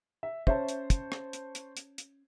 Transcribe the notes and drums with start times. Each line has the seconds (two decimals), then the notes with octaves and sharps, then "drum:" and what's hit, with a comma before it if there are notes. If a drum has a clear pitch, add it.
0.23 E5
0.47 C#4 C5 C#5 E5 A5, drum: kick
0.68 drum: hi-hat
0.90 drum: kick, hi-hat
1.12 drum: rim click
1.33 drum: hi-hat
1.55 drum: hi-hat
1.77 drum: hi-hat
1.98 drum: hi-hat